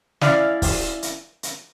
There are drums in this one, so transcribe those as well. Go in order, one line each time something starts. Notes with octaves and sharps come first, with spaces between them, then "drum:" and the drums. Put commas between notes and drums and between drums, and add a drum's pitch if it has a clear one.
C#4 E4 D5 F5, drum: snare
drum: kick, open hi-hat
drum: hi-hat
drum: hi-hat